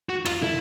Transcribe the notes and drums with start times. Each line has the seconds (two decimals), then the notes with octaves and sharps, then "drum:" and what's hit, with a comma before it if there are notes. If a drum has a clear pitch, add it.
0.09 F#4
0.26 F4, drum: rim click
0.42 E4, drum: tom